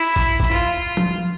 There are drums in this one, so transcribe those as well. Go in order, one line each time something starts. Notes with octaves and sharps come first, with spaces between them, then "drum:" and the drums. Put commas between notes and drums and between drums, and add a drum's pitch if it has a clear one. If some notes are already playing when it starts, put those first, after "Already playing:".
Already playing: E4
drum: kick
drum: kick
F4
drum: tom F3